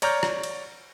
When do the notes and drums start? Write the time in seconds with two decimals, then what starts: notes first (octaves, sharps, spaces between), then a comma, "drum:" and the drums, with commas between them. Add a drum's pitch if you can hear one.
0.02 C#5 D5 A#5 C#6 F6 G6, drum: cymbal
0.23 drum: rim click
0.43 drum: cymbal